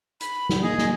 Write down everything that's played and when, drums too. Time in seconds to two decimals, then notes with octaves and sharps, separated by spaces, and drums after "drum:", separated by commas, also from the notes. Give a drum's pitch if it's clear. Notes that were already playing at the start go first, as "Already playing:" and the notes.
0.21 B5, drum: hi-hat
0.49 drum: snare
0.63 A#3 G#4 D#5
0.78 drum: snare